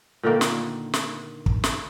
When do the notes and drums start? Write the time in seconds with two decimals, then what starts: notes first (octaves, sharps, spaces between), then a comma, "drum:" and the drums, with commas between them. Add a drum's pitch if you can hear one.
0.23 A#2 D3 D#3 A#3
0.41 drum: snare
0.94 drum: snare
1.46 drum: kick
1.64 drum: snare